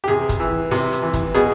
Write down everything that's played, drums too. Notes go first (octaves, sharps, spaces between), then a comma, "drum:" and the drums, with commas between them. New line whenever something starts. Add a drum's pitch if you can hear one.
G4
C3 G#4
drum: kick, hi-hat
E3
C3, drum: open hi-hat
drum: hi-hat
E3
drum: kick, hi-hat
B2 G#4, drum: hi-hat